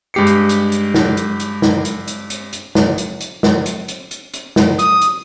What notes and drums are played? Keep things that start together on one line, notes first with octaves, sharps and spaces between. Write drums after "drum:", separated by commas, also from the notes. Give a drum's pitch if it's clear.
G2 G#3 G4 C7 C#7
drum: hi-hat
drum: hi-hat
drum: hi-hat
drum: snare
drum: hi-hat
drum: hi-hat
drum: snare
drum: hi-hat
drum: hi-hat
drum: hi-hat
drum: hi-hat
drum: snare
drum: hi-hat
drum: hi-hat
drum: snare
drum: hi-hat
drum: hi-hat
drum: hi-hat
drum: hi-hat
drum: snare
D#6, drum: hi-hat
drum: hi-hat